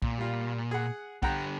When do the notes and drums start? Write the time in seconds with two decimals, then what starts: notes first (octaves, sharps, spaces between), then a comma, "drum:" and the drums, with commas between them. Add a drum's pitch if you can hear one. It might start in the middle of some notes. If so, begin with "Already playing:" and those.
0.02 A#2, drum: kick B1
0.18 G3 F4
0.71 G#4 F#5
1.23 D3 G4 F#5 G5 A#5, drum: kick B1